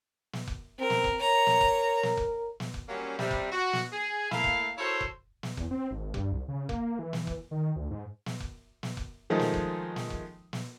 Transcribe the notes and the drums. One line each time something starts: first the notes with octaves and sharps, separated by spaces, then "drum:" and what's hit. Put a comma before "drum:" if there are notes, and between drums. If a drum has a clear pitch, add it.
drum: snare
drum: kick F1
C4 A#4
drum: snare
drum: kick F1
A#4 C#5 A#5
drum: snare
drum: kick F1
drum: snare
drum: kick F1
drum: snare
drum: kick F1
F#3 G3 A#3 C4 C#4
C3 G3, drum: snare
drum: kick F1
F#4
drum: snare
G#4 G#5
A3 A#3 E4 F5, drum: snare
drum: kick F1
E4 F#4 A4 A#4 C5 C#5
drum: kick F1
drum: snare
E2, drum: kick F1
C4
G#1
G2, drum: kick F1
C2
C#3
A#3, drum: kick F1
E3
drum: snare
drum: kick F1
D#3
D2
G#2
drum: snare
drum: kick F1
drum: snare
drum: kick F1
D#3 F3 G#3 A3 D#4
drum: snare
drum: kick F1
drum: snare
drum: kick F1
drum: snare